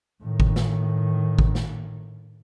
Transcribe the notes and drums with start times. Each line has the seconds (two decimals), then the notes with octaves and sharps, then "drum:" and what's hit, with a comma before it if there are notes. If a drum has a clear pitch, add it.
0.23 A2 D#3
0.40 drum: kick G#1
0.56 drum: snare
1.39 drum: kick G#1
1.55 drum: snare